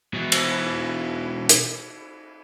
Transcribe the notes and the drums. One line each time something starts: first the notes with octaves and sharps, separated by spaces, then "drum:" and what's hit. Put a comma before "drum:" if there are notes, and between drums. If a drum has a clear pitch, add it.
B2 E3
drum: cymbal
drum: hi-hat